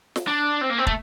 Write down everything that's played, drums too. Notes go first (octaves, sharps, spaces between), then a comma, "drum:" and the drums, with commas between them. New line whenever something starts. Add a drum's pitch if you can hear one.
drum: snare
D4
C4
A#3
C4
A3, drum: kick